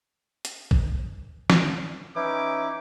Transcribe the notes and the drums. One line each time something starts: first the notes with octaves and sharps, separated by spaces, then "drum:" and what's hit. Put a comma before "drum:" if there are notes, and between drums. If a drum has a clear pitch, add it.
drum: hi-hat
drum: kick A1
drum: snare
E3 C#4 D#4 E4 D6